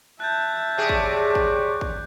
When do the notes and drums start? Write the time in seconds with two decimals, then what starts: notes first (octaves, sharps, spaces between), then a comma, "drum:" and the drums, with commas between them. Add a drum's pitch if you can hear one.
0.20 E5 A5 F#6 G6
0.78 C3 G#4 C#5 D5
0.89 drum: kick
1.35 drum: kick
1.81 drum: kick